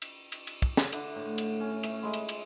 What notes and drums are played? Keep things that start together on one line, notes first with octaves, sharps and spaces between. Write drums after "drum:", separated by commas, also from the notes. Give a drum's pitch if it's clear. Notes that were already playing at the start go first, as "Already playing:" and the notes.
drum: cymbal
drum: cymbal
drum: cymbal
drum: kick
drum: snare
D3 D4 E4, drum: cymbal
A2
drum: cymbal
C#4
A3, drum: cymbal
G#3 C#5 B5 C6
drum: cymbal
drum: cymbal